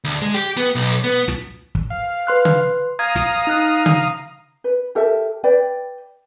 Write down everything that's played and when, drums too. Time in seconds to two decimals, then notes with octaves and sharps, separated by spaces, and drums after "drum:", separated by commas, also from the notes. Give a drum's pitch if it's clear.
0.04 D2
0.22 G#3
0.34 G4
0.57 B3
0.75 B1
1.04 B3
1.28 drum: snare
1.75 drum: kick
1.90 F5
2.27 B4 C6 F#6
2.45 drum: tom C#3
2.99 F5 A#5 D#6 G#6
3.15 drum: snare
3.47 D#4 F#6
3.86 drum: tom C#3
4.64 B4
4.95 G4 A4 A#4 E5
5.44 B4 D5 G5